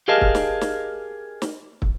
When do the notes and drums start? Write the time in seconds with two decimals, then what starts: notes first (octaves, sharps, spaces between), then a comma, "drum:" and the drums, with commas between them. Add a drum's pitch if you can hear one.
0.08 G4 G#4 A#4 D#5 F5 A5
0.21 drum: kick
0.35 drum: snare
0.61 drum: snare
1.42 drum: snare
1.82 drum: kick